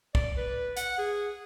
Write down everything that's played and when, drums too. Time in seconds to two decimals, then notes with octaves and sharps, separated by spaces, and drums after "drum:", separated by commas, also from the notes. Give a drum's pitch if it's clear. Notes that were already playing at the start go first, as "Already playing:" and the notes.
0.15 D5, drum: kick
0.37 B4
0.77 F#5, drum: hi-hat
0.98 G#4